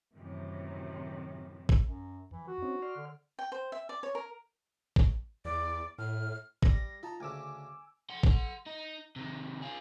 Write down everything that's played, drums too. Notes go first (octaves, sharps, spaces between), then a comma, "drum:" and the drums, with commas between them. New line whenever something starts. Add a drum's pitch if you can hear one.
F#2 A2 C3 D#3 E3
drum: kick
F#2
F2 E3
F#4
C4 C#4 D#4
D5 C6 F6
D3
G5
C5
E5
D5
C#5
A#4
drum: kick
E2 D5
A2 F6
G3 A#6, drum: kick
D#4 F4 A5 A#5
D2 C#3 G#5 D6 E6
F#5 C6
drum: kick
D#4
C3 D#3
F4 G#4